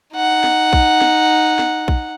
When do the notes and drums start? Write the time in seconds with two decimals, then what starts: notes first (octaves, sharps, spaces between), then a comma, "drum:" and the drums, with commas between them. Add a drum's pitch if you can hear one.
0.15 D#4 F#5
0.44 drum: snare
0.73 drum: kick A#1
1.02 drum: snare
1.59 drum: snare
1.88 drum: kick A#1